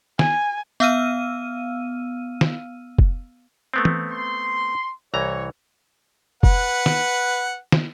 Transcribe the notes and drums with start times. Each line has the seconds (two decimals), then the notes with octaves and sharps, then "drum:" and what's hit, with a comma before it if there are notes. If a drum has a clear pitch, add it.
0.19 G#5, drum: snare
0.80 B3 F5 E6 F6 D#7, drum: tambourine
2.41 drum: snare
2.99 drum: kick F1
3.74 A3 B3 C4
3.85 drum: tom
4.11 C6
5.14 C2 E3 C#5 A#5
6.43 B4 F#5, drum: kick F1
6.86 drum: snare
7.72 drum: snare